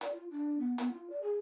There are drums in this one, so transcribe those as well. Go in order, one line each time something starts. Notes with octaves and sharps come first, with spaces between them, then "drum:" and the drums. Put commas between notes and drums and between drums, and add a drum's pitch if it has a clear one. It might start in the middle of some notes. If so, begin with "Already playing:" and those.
D5, drum: hi-hat
F4
D4
B3
B3, drum: hi-hat
F4
D5
G#4